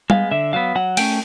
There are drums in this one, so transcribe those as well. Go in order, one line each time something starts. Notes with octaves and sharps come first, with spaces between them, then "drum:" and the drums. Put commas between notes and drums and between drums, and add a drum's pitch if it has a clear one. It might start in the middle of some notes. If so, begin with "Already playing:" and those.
G#3 B3 F5, drum: tom G3
D3 E5
F#3 B3 F5
F#3 F#5
A3 C#4 G5, drum: cymbal